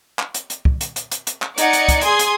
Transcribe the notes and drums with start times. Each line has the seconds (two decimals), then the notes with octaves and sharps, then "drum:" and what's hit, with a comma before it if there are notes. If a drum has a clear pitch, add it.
0.19 drum: clap
0.34 drum: hi-hat
0.50 drum: hi-hat
0.65 drum: kick
0.81 drum: hi-hat
0.96 drum: hi-hat
1.11 drum: hi-hat
1.27 drum: hi-hat
1.42 drum: clap
1.58 D#4 D5 D#5 F#5 G#6 C#7, drum: hi-hat
1.73 drum: hi-hat
1.88 drum: kick, hi-hat
2.01 G#4 G#5 C6 D#6 G#6, drum: hi-hat
2.19 drum: hi-hat